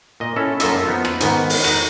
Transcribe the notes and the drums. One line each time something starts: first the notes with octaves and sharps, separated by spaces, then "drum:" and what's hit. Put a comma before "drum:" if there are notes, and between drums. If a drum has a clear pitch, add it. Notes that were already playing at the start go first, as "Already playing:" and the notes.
A#2 D#5
C#4 E4 A4
F#2 A#3 F4 A4 D#5 E5, drum: hi-hat
F3 B3 D#4 F4
drum: rim click
G#2 D#3 B3, drum: hi-hat
drum: open hi-hat
D#4 F#4, drum: rim click